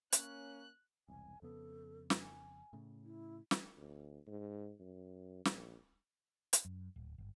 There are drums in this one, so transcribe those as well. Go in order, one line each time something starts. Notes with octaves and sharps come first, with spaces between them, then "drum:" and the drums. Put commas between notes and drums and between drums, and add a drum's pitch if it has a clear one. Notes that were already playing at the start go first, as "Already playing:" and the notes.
A#3 C#4 F#6, drum: hi-hat
E1 C2 G#5
F2 C#3 B3 A4
drum: snare
G#5
A2 C#3
E4
drum: snare
D2
G#2
F#2
A#1, drum: snare
drum: hi-hat
F#2
D1
G1